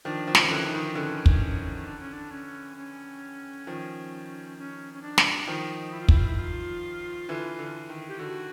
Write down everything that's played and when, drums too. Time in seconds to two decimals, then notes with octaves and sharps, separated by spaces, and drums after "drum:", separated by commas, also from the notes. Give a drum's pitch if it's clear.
0.04 D#3 F3 D4
0.27 D#3 F3
0.35 C#4, drum: snare
0.41 D#3
0.50 D3 E3
0.65 D#4
0.73 D#3
0.95 D3 E3 C#4
1.26 drum: kick
1.85 D4
1.99 C#4
2.13 D4
2.31 C#4
2.77 C#4
3.67 D#3 F3
4.58 C#4
4.94 C#4
5.02 D4
5.18 drum: snare
5.47 D#3 F3 D#4
5.93 E4
6.01 F4
6.09 E4, drum: kick
6.17 F4
6.25 E4
6.38 F4
7.29 D3 E3
7.59 D3
7.89 D#3
8.09 G4
8.19 D3 F#4